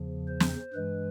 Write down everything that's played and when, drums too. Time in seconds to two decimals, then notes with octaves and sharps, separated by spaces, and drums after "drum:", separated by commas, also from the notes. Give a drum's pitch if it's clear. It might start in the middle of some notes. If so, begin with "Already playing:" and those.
Already playing: E2 C#3 F3
0.27 C5
0.40 drum: snare
0.73 G2 E3 G#3 B4